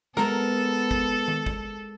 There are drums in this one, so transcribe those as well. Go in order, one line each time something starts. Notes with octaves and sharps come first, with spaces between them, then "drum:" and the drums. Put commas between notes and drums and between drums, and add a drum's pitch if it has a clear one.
G#3 B3 C4 A4 A#4, drum: snare
drum: kick
drum: tom D#3
drum: kick